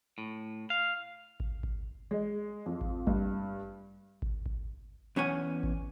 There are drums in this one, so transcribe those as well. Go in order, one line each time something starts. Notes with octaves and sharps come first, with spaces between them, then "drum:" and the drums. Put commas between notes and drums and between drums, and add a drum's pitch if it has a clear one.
A2
F5
drum: kick G#1
drum: kick G#1
G#3
F2
drum: kick G#1
G2, drum: kick G#1
drum: kick G#1
drum: kick G#1
E2 C#4 F#5 G#5
drum: kick G#1